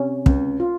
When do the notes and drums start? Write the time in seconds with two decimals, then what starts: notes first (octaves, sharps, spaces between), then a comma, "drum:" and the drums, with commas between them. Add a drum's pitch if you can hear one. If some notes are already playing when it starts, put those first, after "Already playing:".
Already playing: C3 C#4
0.26 C#2, drum: kick
0.60 F4